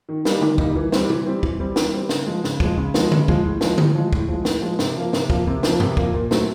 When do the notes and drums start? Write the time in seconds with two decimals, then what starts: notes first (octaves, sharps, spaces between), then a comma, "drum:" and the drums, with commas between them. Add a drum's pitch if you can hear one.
0.09 D#3
0.25 G3 A#3 D#4, drum: snare
0.42 D#3, drum: tom D3
0.58 G3 A#3 D#4, drum: kick
0.76 E3
0.92 G3 C4, drum: snare
1.10 E3, drum: tom C3
1.26 G3 C4
1.43 E3, drum: kick
1.60 G3 C4
1.76 E3, drum: snare
1.93 G3 C4
2.09 C#3, drum: snare
2.26 F3 G#3
2.44 C#3, drum: snare
2.60 F3 G#3, drum: kick
2.77 C#3
2.94 F3 G#3, drum: snare
3.12 C#3, drum: tom D3
3.28 F3 G#3, drum: kick
3.45 A2
3.61 F3 G#3, drum: snare
3.78 A2, drum: tom D3
3.95 F3 G#3
4.13 A2, drum: kick
4.28 F3 G#3
4.45 A2, drum: snare
4.62 F3 G#3
4.79 C3, drum: snare
4.97 F3 A#3
5.13 C3, drum: snare
5.30 F3 A#3, drum: kick
5.47 C3
5.63 F3 A#3, drum: snare
5.80 C3, drum: tom F#2
5.97 F3 A#3, drum: kick
6.14 A#2
6.31 F#3 A3 C4, drum: snare